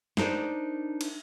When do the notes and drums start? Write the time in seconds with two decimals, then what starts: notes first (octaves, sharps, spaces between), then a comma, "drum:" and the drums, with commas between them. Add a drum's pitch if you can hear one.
0.17 D4 D#4 A#4 C5 D5, drum: snare
1.01 drum: cymbal